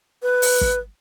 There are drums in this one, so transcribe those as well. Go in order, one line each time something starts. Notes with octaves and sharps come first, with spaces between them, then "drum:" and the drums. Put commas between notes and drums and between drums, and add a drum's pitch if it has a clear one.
B4
drum: open hi-hat
drum: kick